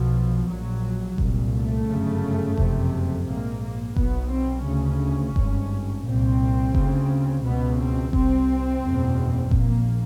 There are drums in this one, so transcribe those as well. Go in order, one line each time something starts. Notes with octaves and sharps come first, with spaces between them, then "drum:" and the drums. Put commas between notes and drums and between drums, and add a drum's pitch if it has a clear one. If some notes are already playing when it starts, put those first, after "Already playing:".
Already playing: B1 B2 F3
A#1 A#2 F#3
C2 A#2, drum: kick F#1
A3
G1 F#2 C#3
F#1 F2 C3, drum: kick F#1
A#1 G#2 A#3
A#3
B1 B2 B3, drum: kick F#1
C4
D2 C#3 C#4
G#1 G2, drum: kick F#1
C2 A#2 C4
D2 C#3, drum: kick F#1
C#2 B2 B3
C4
C2 C3 C4, drum: kick F#1
F#1 E2 B2
A#1 A#2 A#3, drum: kick F#1